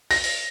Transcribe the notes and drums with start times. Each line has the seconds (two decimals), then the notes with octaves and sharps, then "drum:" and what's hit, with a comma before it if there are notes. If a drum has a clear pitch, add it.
0.11 A#6, drum: open hi-hat
0.24 drum: open hi-hat